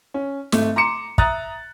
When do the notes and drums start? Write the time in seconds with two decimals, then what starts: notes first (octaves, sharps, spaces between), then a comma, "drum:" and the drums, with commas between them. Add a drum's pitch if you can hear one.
0.14 C#4
0.52 G#1 A3, drum: snare
0.76 A#5 C6 D6 C#7 E7
1.18 E5 A#5 D#6 F#6 A6, drum: kick